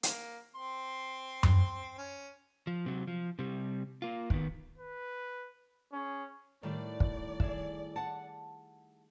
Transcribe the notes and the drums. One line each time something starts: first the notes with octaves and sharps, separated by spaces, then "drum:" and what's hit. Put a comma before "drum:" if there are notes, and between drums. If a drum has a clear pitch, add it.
A#3, drum: hi-hat
C4 C6
drum: tom F#2
C#4
F3
C3 F#3
F3
C3 G3
A#3 F4
D#3 B3, drum: kick
B4
C#4 G#4
A2 D#3 G3 A3 D5
drum: kick
G#4 E5, drum: kick
F#5 A5 C#7